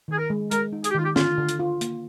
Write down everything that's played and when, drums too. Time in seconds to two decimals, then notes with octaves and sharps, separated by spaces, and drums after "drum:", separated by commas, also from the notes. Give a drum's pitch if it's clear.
0.08 D#3 G#4
0.18 A#4
0.30 G#3
0.51 G#3 A#4, drum: hi-hat
0.73 D#4
0.84 G#4, drum: hi-hat
0.91 G4
0.95 D#3 F4
1.05 G4
1.16 D3 F4, drum: snare
1.38 D3
1.49 drum: hi-hat
1.59 F4
1.81 A#3, drum: hi-hat